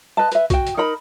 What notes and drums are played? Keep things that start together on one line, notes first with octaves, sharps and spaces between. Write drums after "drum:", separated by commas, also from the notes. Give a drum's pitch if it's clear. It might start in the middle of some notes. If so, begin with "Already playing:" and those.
B4 D#5 A5
B4 E5, drum: hi-hat
F#4 G5, drum: kick B1, hi-hat
drum: hi-hat
D#4 A#4 D#5 B5